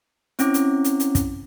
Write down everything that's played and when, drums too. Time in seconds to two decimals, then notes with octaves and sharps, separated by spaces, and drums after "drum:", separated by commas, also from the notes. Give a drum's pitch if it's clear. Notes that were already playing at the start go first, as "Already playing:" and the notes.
0.39 C4 C#4 E4 D6, drum: hi-hat
0.54 drum: hi-hat
0.84 drum: hi-hat
1.00 drum: hi-hat
1.15 drum: kick, hi-hat